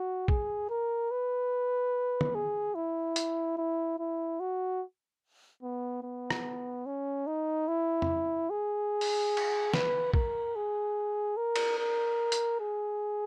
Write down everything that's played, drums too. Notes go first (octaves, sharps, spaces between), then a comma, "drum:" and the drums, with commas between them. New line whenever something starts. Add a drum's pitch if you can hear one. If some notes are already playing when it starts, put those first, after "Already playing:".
Already playing: F#4
G#4, drum: kick
A#4
B4
drum: tom
G#4
E4
drum: hi-hat
E4
E4
F#4
B3
B3
drum: rim click
C#4
D#4
E4
drum: tom F2
G#4
drum: open hi-hat
drum: cymbal
B4, drum: snare
A#4, drum: kick
G#4
A#4
drum: cymbal
A#4
drum: hi-hat
G#4